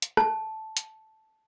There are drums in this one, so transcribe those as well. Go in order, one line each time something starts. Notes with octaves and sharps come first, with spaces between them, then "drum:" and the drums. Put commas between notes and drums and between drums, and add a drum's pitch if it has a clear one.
drum: hi-hat
A5, drum: rim click
drum: hi-hat